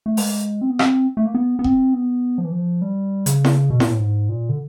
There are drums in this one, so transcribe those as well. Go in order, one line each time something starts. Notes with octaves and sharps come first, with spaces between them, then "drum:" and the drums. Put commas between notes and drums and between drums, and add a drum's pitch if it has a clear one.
A3
G#3, drum: open hi-hat
C4
B3
C4, drum: rim click
A3
A#3
B3
B3
C4, drum: kick E1
B3
F3
E3
F3
G3
C#3, drum: hi-hat
drum: snare E4
B2
A#2, drum: snare E4
A2
G#2
A#2
D3